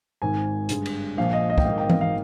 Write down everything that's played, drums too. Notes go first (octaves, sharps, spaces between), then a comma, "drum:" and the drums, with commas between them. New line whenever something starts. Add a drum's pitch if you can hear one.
G#1 G#2 D#3 G#5
G2 D3 G#3, drum: hi-hat
drum: cymbal
A#1 A#2 F3 F5
D#5
D#5
G5, drum: kick
G#1 G#2 D#3 A#3 D#4 F5
G5
F5, drum: tom E3
F5